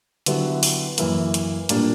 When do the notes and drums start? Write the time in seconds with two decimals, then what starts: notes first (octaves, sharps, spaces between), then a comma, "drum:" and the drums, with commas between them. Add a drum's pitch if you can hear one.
0.26 D3 F#3 B3 E4 G4, drum: hi-hat
0.63 drum: open hi-hat
0.98 F#2 E3 A#3, drum: hi-hat
1.34 drum: hi-hat
1.69 A#2 G3 A#3 D4, drum: hi-hat